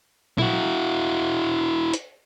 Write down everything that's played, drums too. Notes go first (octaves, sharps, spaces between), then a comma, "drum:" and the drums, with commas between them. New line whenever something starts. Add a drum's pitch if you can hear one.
E4 F#4, drum: tom
drum: hi-hat